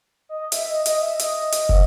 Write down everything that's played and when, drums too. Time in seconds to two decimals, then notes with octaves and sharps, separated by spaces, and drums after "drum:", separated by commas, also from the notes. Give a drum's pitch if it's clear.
0.29 D#5
0.52 E5, drum: hi-hat
0.69 D#5
0.86 D#5, drum: hi-hat
1.02 E5
1.19 D#5, drum: hi-hat
1.52 drum: hi-hat
1.69 drum: kick